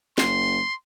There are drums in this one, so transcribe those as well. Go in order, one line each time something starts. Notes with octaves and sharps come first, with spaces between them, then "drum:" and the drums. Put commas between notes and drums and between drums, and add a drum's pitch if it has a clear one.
F#1 C6, drum: snare